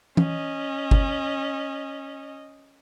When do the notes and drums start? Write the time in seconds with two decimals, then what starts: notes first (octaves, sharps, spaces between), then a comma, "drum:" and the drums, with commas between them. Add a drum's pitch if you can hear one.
0.17 C#4 D#5, drum: tom
0.91 drum: kick G1